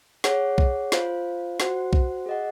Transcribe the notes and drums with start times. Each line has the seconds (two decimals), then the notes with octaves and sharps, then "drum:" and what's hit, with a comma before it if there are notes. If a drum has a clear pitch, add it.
0.24 G#4 C#5 F#5, drum: snare
0.58 drum: kick B1
0.92 F4 C5 F5, drum: snare
1.60 F#4 C5 F#5, drum: snare
1.93 drum: kick B1
2.26 G#4 D#5 F#5